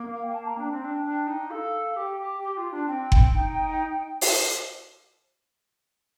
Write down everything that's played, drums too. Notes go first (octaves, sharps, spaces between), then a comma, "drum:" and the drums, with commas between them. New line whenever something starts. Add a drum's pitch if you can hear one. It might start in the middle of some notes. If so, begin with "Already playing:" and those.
Already playing: A#3
F5
G5
A5
A#5
D4 G5
C4
D4
D4
D#4
A4 F5
G4 G5
G4
G4
F4
D4
C4 G5
C4, drum: kick F#1
D#4
drum: open hi-hat